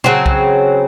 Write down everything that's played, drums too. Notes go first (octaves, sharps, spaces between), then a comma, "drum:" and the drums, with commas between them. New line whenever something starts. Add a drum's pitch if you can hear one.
C#3 F#3 C4, drum: tom
drum: kick C2